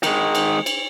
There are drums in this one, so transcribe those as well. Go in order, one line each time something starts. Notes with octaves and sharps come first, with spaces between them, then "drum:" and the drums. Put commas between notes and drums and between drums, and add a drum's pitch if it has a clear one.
D#3 G#3, drum: cymbal
drum: cymbal
drum: cymbal